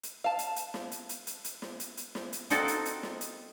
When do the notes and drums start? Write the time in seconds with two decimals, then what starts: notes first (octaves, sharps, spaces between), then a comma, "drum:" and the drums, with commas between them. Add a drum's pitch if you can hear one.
0.03 drum: hi-hat
0.24 F5 A5
0.39 drum: hi-hat
0.56 drum: hi-hat
0.74 drum: snare
0.92 drum: hi-hat
1.09 drum: hi-hat
1.27 drum: hi-hat
1.44 drum: hi-hat
1.62 drum: snare
1.80 drum: hi-hat
1.97 drum: hi-hat
2.15 drum: snare
2.33 drum: hi-hat
2.50 C4 D#4 F4 F#4 A4 A#4, drum: hi-hat
2.68 drum: hi-hat
2.85 drum: hi-hat
3.03 drum: snare
3.21 drum: hi-hat